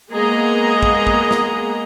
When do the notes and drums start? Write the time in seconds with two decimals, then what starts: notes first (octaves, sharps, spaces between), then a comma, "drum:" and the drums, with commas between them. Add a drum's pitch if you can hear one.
0.10 G#3 A#3 B3 G#4 D#5 A#5
0.83 drum: kick
1.07 drum: kick
1.31 drum: snare